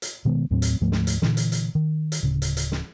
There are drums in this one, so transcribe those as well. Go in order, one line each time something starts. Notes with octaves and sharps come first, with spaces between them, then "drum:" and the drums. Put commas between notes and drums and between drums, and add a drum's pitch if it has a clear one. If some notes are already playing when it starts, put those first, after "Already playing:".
drum: hi-hat
B2 D#3 G#3 B3
D#2 A2 F#3 C4
drum: hi-hat
D2 G#2 F3 A3
drum: snare
drum: hi-hat
A#2 D3 E3, drum: snare
drum: hi-hat
drum: hi-hat
D#3
drum: hi-hat
D1 C#3
drum: hi-hat
drum: hi-hat
drum: snare